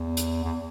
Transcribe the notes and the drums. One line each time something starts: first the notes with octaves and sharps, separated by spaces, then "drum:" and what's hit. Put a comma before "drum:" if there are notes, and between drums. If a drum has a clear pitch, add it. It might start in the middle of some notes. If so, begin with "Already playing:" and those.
Already playing: E2
drum: hi-hat
E2